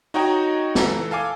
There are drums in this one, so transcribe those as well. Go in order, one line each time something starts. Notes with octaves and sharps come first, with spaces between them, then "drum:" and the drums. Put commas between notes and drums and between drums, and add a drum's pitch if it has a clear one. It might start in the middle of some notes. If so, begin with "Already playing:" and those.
D#4 F#4 C#5 D#5 G5 A#5
E3 A4 A#5, drum: snare
A4 F5 G#5 D6